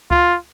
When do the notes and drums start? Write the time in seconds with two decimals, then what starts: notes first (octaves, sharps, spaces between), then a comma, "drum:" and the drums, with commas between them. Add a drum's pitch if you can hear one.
0.11 F4, drum: kick C#2